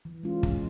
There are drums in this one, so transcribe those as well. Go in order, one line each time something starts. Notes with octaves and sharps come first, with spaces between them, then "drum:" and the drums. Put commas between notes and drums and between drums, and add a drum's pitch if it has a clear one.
E3
G#3 C#4 F4
E3, drum: kick